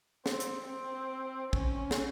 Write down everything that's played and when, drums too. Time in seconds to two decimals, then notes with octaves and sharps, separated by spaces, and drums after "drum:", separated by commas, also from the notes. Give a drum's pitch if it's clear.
0.26 C4, drum: snare
0.40 drum: hi-hat
0.68 C4
1.53 C#4, drum: kick
1.91 drum: snare